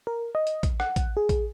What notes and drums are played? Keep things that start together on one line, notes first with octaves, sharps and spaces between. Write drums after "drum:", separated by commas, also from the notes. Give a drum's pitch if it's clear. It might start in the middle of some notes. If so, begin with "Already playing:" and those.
A#4
D#5
drum: hi-hat
drum: kick, hi-hat
F#5, drum: rim click
drum: kick, hi-hat
G#4
drum: kick, hi-hat